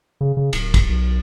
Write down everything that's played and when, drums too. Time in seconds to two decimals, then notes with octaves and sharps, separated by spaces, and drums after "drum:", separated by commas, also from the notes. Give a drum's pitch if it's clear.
0.21 C#3
0.37 C#3
0.53 D1, drum: cymbal
0.74 drum: kick, cymbal
0.89 B1